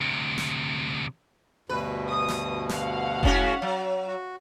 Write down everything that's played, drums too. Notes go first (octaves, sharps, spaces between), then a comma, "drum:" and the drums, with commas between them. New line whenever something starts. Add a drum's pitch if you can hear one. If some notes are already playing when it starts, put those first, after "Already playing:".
D2 C3
drum: snare
D2 G2 B2 B4
D#6
drum: snare
F5 F#5, drum: snare
G#2 C#4 F#4, drum: kick F1
F#3
F#4